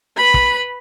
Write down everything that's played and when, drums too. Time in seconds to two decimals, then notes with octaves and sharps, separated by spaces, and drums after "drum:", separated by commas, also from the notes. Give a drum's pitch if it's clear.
0.17 B4 B5
0.34 drum: kick